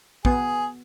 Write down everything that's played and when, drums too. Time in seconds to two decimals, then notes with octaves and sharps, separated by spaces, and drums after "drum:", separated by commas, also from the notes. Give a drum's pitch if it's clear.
0.25 B3 G#4, drum: kick